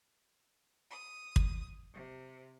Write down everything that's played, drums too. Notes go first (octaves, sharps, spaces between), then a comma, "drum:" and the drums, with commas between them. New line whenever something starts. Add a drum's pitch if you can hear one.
D#6
drum: kick
C3